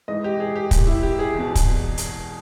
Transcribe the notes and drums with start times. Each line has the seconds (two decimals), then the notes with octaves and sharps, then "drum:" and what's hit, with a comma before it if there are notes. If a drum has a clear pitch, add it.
0.08 G#2 E3 D#5
0.24 G4
0.40 G#4
0.56 G4
0.71 G4, drum: kick, hi-hat
0.87 E4
1.03 G4
1.19 G#4
1.35 E2 B2
1.55 drum: kick, hi-hat
1.98 drum: hi-hat